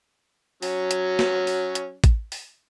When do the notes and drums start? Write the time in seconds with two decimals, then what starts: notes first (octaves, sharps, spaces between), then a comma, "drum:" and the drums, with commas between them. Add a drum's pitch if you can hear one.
0.62 F#3 C#4, drum: open hi-hat
0.91 drum: hi-hat
1.19 drum: snare
1.47 drum: open hi-hat
1.75 drum: hi-hat
2.04 drum: kick A1, hi-hat
2.32 drum: open hi-hat